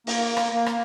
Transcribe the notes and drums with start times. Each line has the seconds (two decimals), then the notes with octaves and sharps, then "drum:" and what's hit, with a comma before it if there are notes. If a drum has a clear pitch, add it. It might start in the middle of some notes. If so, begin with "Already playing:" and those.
0.07 A#3, drum: open hi-hat
0.37 drum: rim click
0.52 A#3
0.66 drum: rim click